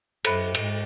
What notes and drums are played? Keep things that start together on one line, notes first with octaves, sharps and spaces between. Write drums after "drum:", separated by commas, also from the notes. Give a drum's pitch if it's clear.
F#2 A4 E5 B5 F#6, drum: cymbal
G#2, drum: cymbal